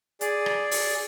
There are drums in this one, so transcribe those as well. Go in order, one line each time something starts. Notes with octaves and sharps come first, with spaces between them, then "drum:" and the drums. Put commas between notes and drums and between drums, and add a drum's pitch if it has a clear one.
G#4 D5, drum: hi-hat
drum: rim click
drum: open hi-hat